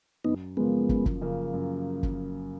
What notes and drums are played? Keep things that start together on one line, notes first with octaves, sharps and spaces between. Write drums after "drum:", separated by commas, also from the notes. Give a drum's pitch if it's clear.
F#2 B3 D#4
C#3 F3 G#3 A#3 B3
F#2, drum: kick
drum: kick
C#3 F3 A#3
F#2
drum: kick